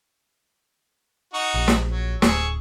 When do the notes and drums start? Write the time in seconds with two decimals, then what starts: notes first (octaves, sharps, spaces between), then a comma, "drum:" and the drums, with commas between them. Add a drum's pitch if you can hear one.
1.34 D#4 F#4 C#6
1.54 A#1
1.68 drum: snare
1.91 F#3
2.22 D1 G#4 C#6 E6, drum: snare